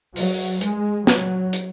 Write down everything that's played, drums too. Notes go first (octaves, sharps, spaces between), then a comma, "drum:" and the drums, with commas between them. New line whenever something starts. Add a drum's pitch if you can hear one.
F#3, drum: open hi-hat
G#3, drum: hi-hat
F#3, drum: snare
drum: hi-hat